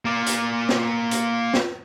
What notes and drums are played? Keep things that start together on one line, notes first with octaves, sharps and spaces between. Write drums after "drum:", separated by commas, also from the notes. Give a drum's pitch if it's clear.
A#3 D5
drum: hi-hat
drum: snare
drum: hi-hat
drum: snare